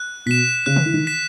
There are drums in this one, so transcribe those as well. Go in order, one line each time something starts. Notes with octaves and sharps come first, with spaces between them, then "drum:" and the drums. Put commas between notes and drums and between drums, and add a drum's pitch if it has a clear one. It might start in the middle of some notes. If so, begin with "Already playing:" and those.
Already playing: F#6
B2 B6 E7
C#3 F#6
drum: tom D3
E3
D#3
B6 E7